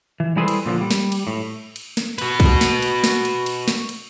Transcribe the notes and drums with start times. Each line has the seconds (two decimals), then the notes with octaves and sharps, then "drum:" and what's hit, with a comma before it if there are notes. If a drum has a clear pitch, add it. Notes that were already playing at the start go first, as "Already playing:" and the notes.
0.20 E3
0.36 G3 E4 G#4 A4 B4 C5
0.48 drum: cymbal
0.65 A#2 D3 F3
0.81 G3
0.91 drum: snare
1.12 drum: cymbal
1.27 A2
1.76 drum: cymbal
1.97 drum: snare
2.18 F#4 B4, drum: cymbal
2.40 drum: kick, cymbal
2.61 drum: snare
2.82 drum: cymbal
3.04 drum: snare
3.25 drum: cymbal
3.46 drum: cymbal
3.68 drum: snare
3.89 drum: cymbal